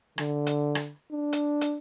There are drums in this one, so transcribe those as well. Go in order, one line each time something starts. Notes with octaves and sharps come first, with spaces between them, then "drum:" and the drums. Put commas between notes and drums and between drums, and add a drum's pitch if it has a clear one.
D3, drum: rim click
drum: hi-hat
drum: rim click
D4
drum: hi-hat
drum: hi-hat